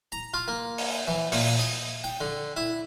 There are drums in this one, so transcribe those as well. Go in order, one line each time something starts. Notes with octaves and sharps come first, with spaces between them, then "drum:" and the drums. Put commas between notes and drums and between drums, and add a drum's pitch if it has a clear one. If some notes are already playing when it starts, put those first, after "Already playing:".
A#5
F4
A#3
drum: open hi-hat
E3
A#2, drum: open hi-hat
D#5
G5
D3
E4